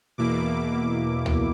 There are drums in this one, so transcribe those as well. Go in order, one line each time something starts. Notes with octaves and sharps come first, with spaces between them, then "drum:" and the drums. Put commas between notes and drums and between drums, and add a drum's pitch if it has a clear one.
E2 B2 A#3 E4 D6
drum: tom C#2